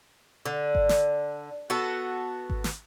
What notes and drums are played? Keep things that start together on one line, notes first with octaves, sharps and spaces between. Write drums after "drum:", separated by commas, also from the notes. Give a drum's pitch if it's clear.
D3
drum: kick G#1
drum: snare
B3 F#4 A4
drum: kick G#1
drum: snare